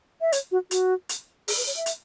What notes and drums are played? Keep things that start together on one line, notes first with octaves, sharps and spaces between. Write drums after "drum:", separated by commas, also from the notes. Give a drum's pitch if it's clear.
E5
C#5, drum: hi-hat
F#4
F#4, drum: hi-hat
drum: hi-hat
G#4, drum: open hi-hat
B4
C#5
E5
drum: hi-hat